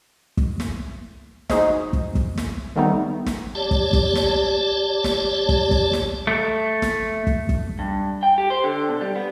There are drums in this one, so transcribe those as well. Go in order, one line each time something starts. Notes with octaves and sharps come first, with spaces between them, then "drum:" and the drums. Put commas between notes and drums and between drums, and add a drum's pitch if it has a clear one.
drum: kick
drum: snare
D#4 F#4 G#4 C5 D#5, drum: snare
drum: kick
drum: kick
drum: snare
D#3 G3 A3 B3 C4 D#4
drum: snare
G4 C#5 D5 A5
drum: kick
drum: kick
drum: snare
drum: snare
drum: kick
drum: kick
drum: snare
A3
drum: snare
drum: kick
drum: kick
G2
G5
G4
C5
D3
B2
G3
B3